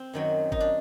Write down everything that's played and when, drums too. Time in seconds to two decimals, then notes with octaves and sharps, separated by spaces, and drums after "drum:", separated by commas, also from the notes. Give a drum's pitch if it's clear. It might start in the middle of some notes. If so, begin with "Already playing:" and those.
Already playing: C4
0.14 F#2 D#3 F#3
0.52 D#4, drum: kick G1
0.60 D4